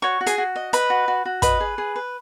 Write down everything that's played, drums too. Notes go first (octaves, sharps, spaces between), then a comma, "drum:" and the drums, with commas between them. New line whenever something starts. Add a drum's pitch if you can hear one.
F#4 C#5 C#6
F#4
G#4 G#5, drum: hi-hat
F#4
D#5
B4 D#5 B5, drum: hi-hat
F#4
F#4
F#4
B4 D#5 B5, drum: kick, hi-hat
G#4
G#4
B4